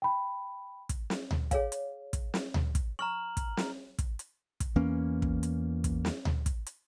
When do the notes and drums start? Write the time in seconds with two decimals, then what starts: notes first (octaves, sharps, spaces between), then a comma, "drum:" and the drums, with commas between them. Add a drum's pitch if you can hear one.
0.02 G5 B5
0.89 drum: kick, hi-hat
1.10 drum: snare
1.31 drum: tom D2
1.51 G#4 C#5 F5, drum: kick, hi-hat
1.72 drum: hi-hat
2.13 drum: kick, hi-hat
2.34 drum: snare
2.54 drum: tom D2
2.75 drum: kick, hi-hat
2.99 A#5 C#6 F6 F#7
3.37 drum: kick, hi-hat
3.57 drum: snare
3.99 drum: kick, hi-hat
4.19 drum: hi-hat
4.60 drum: kick, hi-hat
4.76 E2 E3 A#3 C#4
5.22 drum: kick
5.43 drum: hi-hat
5.84 drum: kick, hi-hat
6.05 drum: snare
6.25 drum: tom D2
6.46 drum: kick, hi-hat
6.66 drum: hi-hat